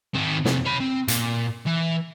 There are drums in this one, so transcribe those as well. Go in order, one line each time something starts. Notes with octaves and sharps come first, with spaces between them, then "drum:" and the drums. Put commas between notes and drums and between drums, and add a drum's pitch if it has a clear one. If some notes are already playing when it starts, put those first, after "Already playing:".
D#3 C4
F2 C3, drum: snare
C#5 B5
C4
A#2, drum: hi-hat
E3